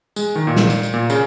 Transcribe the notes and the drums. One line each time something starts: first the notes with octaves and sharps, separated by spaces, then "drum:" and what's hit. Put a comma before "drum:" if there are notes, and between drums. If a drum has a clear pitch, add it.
G#3, drum: tambourine
D#3
A#2
drum: snare
drum: tambourine
drum: tambourine
A#2
C#3, drum: tambourine